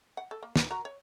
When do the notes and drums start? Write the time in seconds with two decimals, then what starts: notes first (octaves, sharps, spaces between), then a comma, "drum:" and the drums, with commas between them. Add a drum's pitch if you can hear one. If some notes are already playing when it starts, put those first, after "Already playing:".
0.17 F#5
0.31 A4
0.43 A#3
0.56 A#4 B4, drum: snare
0.71 F#4 A#4 A#5
0.85 C#5